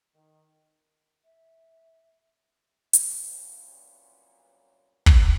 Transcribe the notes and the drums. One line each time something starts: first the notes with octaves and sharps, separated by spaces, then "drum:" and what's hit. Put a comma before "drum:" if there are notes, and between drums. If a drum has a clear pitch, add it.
D#3
E5
drum: hi-hat
C2 F#2 A#2 B3 C#4 G4
drum: kick